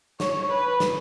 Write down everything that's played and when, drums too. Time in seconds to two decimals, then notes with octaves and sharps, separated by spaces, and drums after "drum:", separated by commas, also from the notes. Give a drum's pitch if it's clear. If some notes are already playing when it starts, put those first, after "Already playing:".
0.20 C#5, drum: snare
0.50 B4
0.80 drum: snare